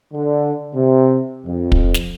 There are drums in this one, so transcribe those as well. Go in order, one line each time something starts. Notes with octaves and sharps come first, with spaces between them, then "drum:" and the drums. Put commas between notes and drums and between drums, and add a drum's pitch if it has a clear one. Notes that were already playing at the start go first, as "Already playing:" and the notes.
D3
C3
F2
drum: kick
drum: snare